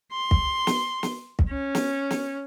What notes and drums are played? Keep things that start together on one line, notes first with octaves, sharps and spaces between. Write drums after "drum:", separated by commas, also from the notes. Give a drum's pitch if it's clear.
C6
drum: kick
drum: snare
drum: snare
drum: kick
C#4
drum: snare
drum: snare